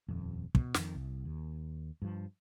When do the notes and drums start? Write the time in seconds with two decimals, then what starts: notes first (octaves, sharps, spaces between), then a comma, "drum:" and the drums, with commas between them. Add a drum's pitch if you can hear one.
0.08 D#1 F2
0.55 B2, drum: kick
0.74 F2 D#3, drum: snare
0.95 C2
1.25 D#2
2.02 G2 F3